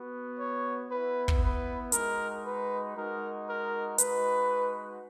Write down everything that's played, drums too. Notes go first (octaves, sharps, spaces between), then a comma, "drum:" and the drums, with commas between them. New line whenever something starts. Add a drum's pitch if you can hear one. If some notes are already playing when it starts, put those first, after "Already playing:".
Already playing: B3 F#4
C#5
B3 E4 B4
drum: kick
B4
G#3 D#4 F#4 A#4, drum: hi-hat
B4
G#3 D#4 F#4 A#4
A#4
G#3 D#4 F#4 B4, drum: hi-hat